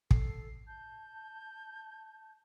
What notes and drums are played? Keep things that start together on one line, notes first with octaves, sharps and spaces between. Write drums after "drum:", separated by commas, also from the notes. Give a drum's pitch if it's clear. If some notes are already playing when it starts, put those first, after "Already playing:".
A4 C7, drum: kick
A5 G6